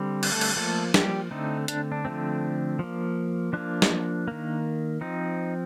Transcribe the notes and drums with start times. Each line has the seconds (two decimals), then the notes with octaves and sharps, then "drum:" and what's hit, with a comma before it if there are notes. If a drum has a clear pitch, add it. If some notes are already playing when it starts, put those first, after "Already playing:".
Already playing: D3 G3 C4
0.23 drum: cymbal
0.32 A3 A4
0.41 drum: cymbal
0.56 F3 A3 A#3 A4
0.94 G3 G4, drum: snare
1.31 D3 A3 C4 D#4
1.68 D4, drum: hi-hat
1.92 D4
2.05 D3 F3 A3 C4
2.79 F3 A#3
3.53 F3 A#3 D4
3.82 drum: snare
4.28 D#3 A#3
5.01 F3 C4 D#4